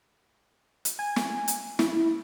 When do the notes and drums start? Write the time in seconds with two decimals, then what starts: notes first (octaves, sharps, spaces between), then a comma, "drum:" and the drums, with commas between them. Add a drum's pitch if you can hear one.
0.85 drum: hi-hat
0.99 G#5
1.16 drum: snare
1.48 drum: hi-hat
1.79 E4, drum: snare